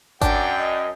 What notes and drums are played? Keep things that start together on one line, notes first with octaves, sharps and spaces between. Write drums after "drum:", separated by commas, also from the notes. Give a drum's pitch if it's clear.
F#2 D4 F#5 G5, drum: kick G#1, hi-hat
D#5